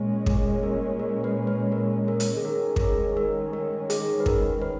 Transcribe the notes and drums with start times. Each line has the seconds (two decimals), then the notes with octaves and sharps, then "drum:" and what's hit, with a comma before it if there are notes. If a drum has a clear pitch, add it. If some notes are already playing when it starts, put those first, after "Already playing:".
Already playing: A#2 G#3 C#4
0.26 G#4, drum: kick
0.63 A#4
1.00 A#4
1.24 B4
1.47 B4
1.72 A#4
2.08 A#4
2.20 drum: hi-hat
2.37 G#4
2.44 D#3 G#3 C#4 A#4
2.76 G#4, drum: kick
2.81 A#4
3.17 A#4
3.53 A#4
3.90 G#4, drum: hi-hat
4.20 B4
4.26 A#4, drum: kick
4.62 B4